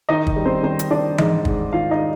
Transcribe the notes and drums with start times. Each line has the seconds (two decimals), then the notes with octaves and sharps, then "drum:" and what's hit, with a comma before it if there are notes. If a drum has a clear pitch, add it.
0.09 D#3 D#4 D#5
0.27 drum: kick
0.36 G3
0.45 C4 C5
0.63 D#3 C4 C5
0.79 drum: hi-hat
0.91 D#3 D4 D5
1.18 G#2 D#4 D#5, drum: tom E3
1.45 G#2, drum: kick
1.73 D#3 F4 F5
1.91 D#4 D#5